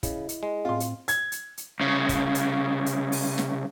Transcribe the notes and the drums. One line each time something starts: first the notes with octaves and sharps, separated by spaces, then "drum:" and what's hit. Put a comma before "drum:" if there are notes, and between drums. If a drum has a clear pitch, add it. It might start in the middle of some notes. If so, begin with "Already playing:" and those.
C#3 E4 D#5, drum: kick, hi-hat
drum: hi-hat
G#3
A2 C4 F4 C6
drum: hi-hat
G#6, drum: hi-hat
drum: hi-hat
drum: hi-hat
C2 C#3
drum: kick, hi-hat
drum: hi-hat
drum: hi-hat
drum: open hi-hat
drum: snare